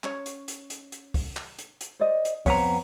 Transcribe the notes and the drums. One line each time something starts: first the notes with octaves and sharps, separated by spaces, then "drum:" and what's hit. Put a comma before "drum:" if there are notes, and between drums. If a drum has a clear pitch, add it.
C#4 C#5, drum: clap
drum: hi-hat
drum: hi-hat
drum: hi-hat
drum: hi-hat
drum: kick, open hi-hat
drum: clap
drum: hi-hat
drum: hi-hat
C5 D5 D#5
drum: hi-hat
F2 B3 C5 C#5 A#5, drum: kick, open hi-hat